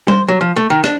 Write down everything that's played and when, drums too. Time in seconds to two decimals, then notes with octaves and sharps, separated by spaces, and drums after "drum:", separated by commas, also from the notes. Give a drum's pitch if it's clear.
0.08 C5, drum: tom G3
0.28 F#3
0.41 F3
0.56 A3
0.70 D#3
0.84 D4, drum: rim click